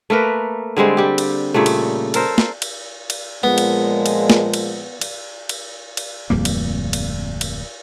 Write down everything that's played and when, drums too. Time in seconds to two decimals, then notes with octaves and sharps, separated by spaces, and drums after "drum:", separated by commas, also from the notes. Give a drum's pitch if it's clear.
0.10 A3 A#3 A#4 B4
0.77 D3 G3 G#3 C4
0.97 G3 G4
1.18 drum: cymbal
1.54 A#2 C#3 G3 A3
1.66 drum: cymbal
2.14 A4 A#4 C5, drum: cymbal
2.38 drum: snare
2.62 drum: cymbal
3.10 drum: cymbal
3.43 A#2 F3 G#3 B3
3.58 drum: cymbal
4.06 drum: cymbal
4.30 drum: snare
4.54 drum: cymbal
5.01 drum: cymbal
5.49 drum: cymbal
5.97 drum: cymbal
6.30 D1 F2 G3 A#3
6.45 drum: cymbal
6.93 drum: cymbal
7.41 drum: cymbal